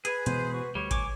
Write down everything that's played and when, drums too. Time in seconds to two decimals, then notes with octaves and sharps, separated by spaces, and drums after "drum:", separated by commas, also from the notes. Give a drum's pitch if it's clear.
0.05 G#4 B4 G#5, drum: hi-hat
0.26 B2 E3 G#3 C5, drum: hi-hat
0.53 F#4
0.75 D2 G3 C#5
0.91 G#5 D6, drum: kick G#1, hi-hat